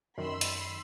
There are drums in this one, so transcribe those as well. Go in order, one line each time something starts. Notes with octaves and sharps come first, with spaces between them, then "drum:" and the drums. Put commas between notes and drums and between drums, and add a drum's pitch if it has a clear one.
F#2 D#3 B5 C6 E6
drum: hi-hat